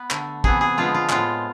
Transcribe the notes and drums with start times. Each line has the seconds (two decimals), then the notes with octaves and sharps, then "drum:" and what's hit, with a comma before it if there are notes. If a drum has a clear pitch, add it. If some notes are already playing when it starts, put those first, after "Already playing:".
Already playing: B3 B4
0.11 D3 A3, drum: clap
0.44 C3 E3 B3 G#4, drum: kick
0.61 G#4
0.77 D3 F3 G#3 B3 F4
0.94 F4
1.10 A2 G#3 B3 F4, drum: clap